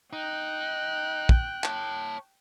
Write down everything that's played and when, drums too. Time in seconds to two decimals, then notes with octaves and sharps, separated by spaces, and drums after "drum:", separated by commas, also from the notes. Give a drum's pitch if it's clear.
0.13 D#4 G5 F#6
1.29 drum: kick
1.64 C#5 A5, drum: clap